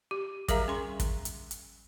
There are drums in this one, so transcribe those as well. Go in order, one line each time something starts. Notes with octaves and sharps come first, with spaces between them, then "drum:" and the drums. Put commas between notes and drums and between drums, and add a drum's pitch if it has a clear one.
G4
G3 G#4 A#4 E5 F5 A#5, drum: kick, hi-hat
C#4 C6 C#6
drum: kick, hi-hat
drum: hi-hat
drum: hi-hat